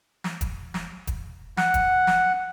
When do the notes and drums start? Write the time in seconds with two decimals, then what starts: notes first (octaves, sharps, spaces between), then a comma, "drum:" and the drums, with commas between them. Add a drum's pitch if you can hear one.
0.24 drum: snare
0.41 drum: kick, hi-hat
0.74 drum: snare
1.07 drum: kick, hi-hat
1.57 F#5, drum: snare
1.74 drum: kick, hi-hat
2.07 drum: snare